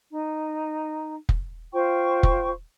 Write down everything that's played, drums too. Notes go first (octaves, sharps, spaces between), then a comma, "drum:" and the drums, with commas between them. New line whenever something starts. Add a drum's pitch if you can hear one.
D#4
drum: kick F1
F4 C5 G5 C#6
drum: kick F1